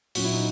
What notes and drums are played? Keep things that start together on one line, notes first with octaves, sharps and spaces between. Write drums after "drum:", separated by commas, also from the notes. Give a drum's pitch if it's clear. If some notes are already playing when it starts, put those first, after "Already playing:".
A#2 F#3 C#4 F#4, drum: open hi-hat
E4
D#4